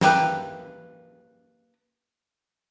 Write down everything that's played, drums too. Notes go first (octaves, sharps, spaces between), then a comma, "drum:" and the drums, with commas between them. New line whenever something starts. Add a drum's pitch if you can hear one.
A#3 E4 G4 B4, drum: snare